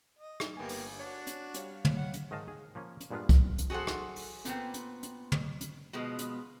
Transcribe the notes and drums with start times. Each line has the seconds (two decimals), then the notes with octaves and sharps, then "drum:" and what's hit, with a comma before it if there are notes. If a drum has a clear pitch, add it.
0.19 D#5
0.40 drum: rim click
0.57 G1 A#3 B3 G4 G#5
0.69 drum: open hi-hat
0.99 D4 F#4 C#5
1.27 drum: hi-hat
1.54 G3 C#5 F5, drum: hi-hat
1.85 drum: tom
1.96 F#5
2.14 drum: hi-hat
2.31 G#2 D#3 D#4 D#5 F5 A5
2.48 G#4
2.75 F3 A#3 C#4
3.00 drum: hi-hat
3.11 G2 A#2 G#3 B3 D4 F4
3.29 drum: kick C2, hi-hat
3.58 drum: hi-hat
3.70 F#4 G#4 A4 C5 F#5
3.87 drum: rim click
4.16 drum: open hi-hat
4.45 A#2 B3 C4, drum: hi-hat
4.74 drum: hi-hat
5.03 drum: hi-hat
5.32 drum: tom
5.61 drum: hi-hat
5.93 B2 F3 G#3 B3
6.19 drum: hi-hat